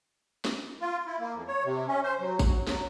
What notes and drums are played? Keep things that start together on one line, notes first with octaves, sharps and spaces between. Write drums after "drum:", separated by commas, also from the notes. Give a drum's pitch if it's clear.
drum: snare
F4
E4
A#3
F2
C#5
C3
C#4
C5
F#3
F#3, drum: kick G#1, tambourine
F#3, drum: snare